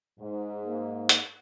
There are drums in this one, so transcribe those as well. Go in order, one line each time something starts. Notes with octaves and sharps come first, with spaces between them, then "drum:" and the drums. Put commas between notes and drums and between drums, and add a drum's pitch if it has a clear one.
G#2
A#3
drum: hi-hat